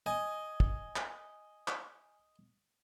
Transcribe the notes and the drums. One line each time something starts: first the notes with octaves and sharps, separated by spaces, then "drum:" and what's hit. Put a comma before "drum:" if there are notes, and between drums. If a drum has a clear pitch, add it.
D#5 G#5
drum: kick
drum: clap
drum: clap